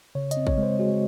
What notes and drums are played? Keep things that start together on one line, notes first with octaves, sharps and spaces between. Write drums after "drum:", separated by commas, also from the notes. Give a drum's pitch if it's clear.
C#3 C#5
D#5, drum: hi-hat
C4
C#5, drum: kick
G#3 C5
G#3 F#4